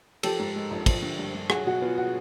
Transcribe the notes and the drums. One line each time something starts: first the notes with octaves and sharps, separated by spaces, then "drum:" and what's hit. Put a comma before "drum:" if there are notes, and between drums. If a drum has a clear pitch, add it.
F3 G4 A4, drum: cymbal
G#2
G#3
A#1
F3, drum: kick, cymbal
D3
G2
G2
F#3 F#4 G#4, drum: rim click
B2 F#4
B3 F4
F#4